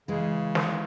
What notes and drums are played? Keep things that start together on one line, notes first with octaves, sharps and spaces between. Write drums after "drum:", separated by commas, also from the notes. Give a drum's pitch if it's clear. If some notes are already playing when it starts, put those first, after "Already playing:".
C#3 E3 G#3
drum: snare